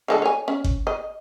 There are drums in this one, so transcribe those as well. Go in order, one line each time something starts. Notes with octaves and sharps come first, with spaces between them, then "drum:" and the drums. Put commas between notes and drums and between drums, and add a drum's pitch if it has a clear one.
D3 G#3 A4
C#5 G#5
C#4
drum: kick G1
D#5